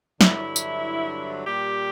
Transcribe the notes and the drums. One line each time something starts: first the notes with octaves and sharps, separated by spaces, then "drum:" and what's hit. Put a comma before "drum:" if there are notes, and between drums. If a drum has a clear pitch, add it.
G2 D3 F#3 E4, drum: snare
drum: tambourine
A#2 G3 G4